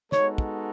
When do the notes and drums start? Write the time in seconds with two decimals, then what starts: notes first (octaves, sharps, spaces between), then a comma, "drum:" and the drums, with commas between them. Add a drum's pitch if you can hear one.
0.12 G#3 B3 D#4 F#4 A4 C#5, drum: snare
0.38 drum: kick